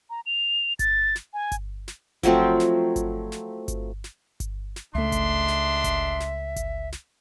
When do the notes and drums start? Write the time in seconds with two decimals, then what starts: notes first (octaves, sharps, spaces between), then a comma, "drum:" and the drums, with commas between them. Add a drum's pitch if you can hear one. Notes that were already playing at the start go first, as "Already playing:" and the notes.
0.10 A#5
0.26 F7
0.79 A6, drum: kick G1, hi-hat
1.16 drum: snare
1.34 G#5
1.52 drum: kick G1, hi-hat
1.88 drum: snare
2.23 F3 F#3 A3 C4, drum: kick G1, hi-hat
2.60 drum: snare
2.96 drum: kick G1, hi-hat
3.32 drum: snare
3.68 drum: kick G1, hi-hat
4.04 drum: snare
4.40 drum: kick G1, hi-hat
4.76 drum: snare
4.95 C#2 G#3 A3 D4 E5 C6
5.12 drum: kick G1, hi-hat
5.48 drum: snare
5.84 drum: kick G1, hi-hat
6.20 drum: snare
6.56 drum: kick G1, hi-hat
6.92 drum: snare